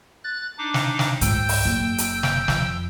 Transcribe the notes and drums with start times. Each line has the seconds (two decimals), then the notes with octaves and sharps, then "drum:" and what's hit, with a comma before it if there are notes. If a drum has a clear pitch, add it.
0.24 F#6 A6
0.58 D4 D#4 D6
0.74 drum: snare
0.99 drum: snare
1.21 C#2 G#2 G5 E6 G6, drum: hi-hat
1.49 drum: open hi-hat
1.65 F#1
1.98 drum: hi-hat
2.23 drum: snare
2.48 F2, drum: snare